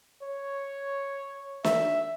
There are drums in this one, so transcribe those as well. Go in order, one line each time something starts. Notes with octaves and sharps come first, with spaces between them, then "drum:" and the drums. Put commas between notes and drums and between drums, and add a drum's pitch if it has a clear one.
C#5
E5, drum: snare